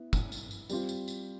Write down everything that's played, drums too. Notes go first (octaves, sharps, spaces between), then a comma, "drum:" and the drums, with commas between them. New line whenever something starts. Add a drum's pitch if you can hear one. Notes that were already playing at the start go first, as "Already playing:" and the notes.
Already playing: B3 E4
drum: kick, tambourine
drum: tambourine
drum: tambourine
G3 C4 F4, drum: tambourine
drum: tambourine
drum: tambourine